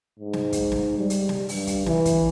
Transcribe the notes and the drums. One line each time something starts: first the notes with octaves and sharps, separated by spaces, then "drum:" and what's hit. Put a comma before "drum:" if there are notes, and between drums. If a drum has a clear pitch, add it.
G#2
drum: snare
drum: kick, hi-hat
drum: snare
G3
drum: hi-hat
drum: snare
G2, drum: open hi-hat
drum: kick, hi-hat
E3, drum: snare
drum: kick, hi-hat